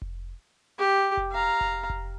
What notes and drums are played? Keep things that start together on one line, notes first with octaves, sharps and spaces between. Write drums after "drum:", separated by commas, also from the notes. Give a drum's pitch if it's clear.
drum: kick F1
G4
drum: kick F1
F5 A#5
drum: kick F1
drum: kick F1